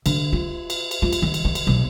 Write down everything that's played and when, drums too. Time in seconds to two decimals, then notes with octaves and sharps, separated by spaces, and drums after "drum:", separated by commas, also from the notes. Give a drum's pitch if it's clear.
0.06 D3, drum: cymbal
0.33 F4
0.70 drum: cymbal
0.91 drum: cymbal
1.02 F4
1.13 drum: cymbal
1.22 D#3
1.34 drum: cymbal
1.45 D#3
1.55 drum: cymbal
1.67 B1